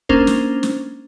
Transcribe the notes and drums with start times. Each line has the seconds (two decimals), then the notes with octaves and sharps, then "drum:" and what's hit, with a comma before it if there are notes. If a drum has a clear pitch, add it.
0.09 A#3 C#4 D4 A#4 C5, drum: kick
0.27 drum: snare
0.63 drum: snare